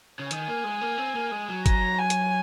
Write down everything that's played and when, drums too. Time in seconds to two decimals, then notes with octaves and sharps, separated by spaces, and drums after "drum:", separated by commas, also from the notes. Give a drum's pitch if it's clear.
0.19 C#3
0.31 D#3 G#5, drum: hi-hat
0.48 A#3
0.64 G#3
0.81 A#3
0.98 C4
1.15 A#3
1.31 G#3
1.49 F#3
1.66 A#5, drum: kick, hi-hat
1.98 G#5
2.10 drum: hi-hat